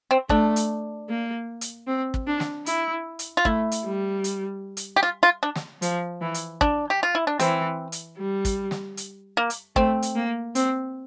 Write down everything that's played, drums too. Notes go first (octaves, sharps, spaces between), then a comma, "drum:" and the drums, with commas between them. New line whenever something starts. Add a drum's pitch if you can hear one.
C4
A3 D4, drum: kick
drum: hi-hat
A#3
drum: hi-hat
C4
drum: kick
D4
drum: snare
E4, drum: hi-hat
drum: hi-hat
F4
A3 E4, drum: kick
drum: hi-hat
G3
drum: hi-hat
drum: hi-hat
G4
F4
F4
D4
drum: snare
F3, drum: hi-hat
E3
drum: hi-hat
D4, drum: kick
G4
F4
E4
D4
E3 C4, drum: hi-hat
drum: hi-hat
G3
drum: kick, hi-hat
drum: snare
drum: hi-hat
A#3
drum: hi-hat
A3 C4, drum: kick
drum: hi-hat
A#3
C4, drum: hi-hat